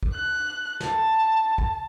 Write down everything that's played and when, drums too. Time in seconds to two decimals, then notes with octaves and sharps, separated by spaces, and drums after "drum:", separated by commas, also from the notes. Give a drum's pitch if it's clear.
0.03 drum: kick A1
0.14 F#6
0.80 A5, drum: snare
1.58 drum: kick A1